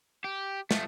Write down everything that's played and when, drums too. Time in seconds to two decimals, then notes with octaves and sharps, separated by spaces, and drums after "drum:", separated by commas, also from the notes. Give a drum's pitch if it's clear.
0.24 G4
0.71 F3 A3, drum: snare